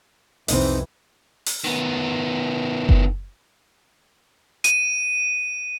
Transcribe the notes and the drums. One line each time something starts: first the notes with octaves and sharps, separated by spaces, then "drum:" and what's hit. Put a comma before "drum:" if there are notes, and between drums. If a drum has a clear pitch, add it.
C2 F2 E3 C4 D#4 D#5, drum: open hi-hat
drum: open hi-hat
D#3 B3
drum: kick F#1
D#7, drum: hi-hat